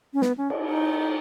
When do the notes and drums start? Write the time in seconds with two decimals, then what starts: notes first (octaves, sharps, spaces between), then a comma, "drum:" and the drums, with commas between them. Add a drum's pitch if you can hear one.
0.14 C#4
0.22 B3, drum: snare
0.38 C#4
0.50 drum: cymbal
0.68 D#4